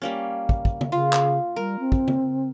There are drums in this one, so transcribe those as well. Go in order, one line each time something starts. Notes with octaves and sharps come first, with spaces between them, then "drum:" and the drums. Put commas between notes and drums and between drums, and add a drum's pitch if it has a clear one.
G3 A#3 C#4
drum: kick
drum: kick
drum: tom C#3
C#3 F4
drum: clap
G3 A#4
C4
drum: kick
drum: tom C#3